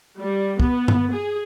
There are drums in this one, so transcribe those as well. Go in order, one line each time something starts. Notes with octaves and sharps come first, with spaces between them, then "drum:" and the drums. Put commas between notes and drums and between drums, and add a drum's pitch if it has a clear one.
G3
B3, drum: kick
drum: tom
G#4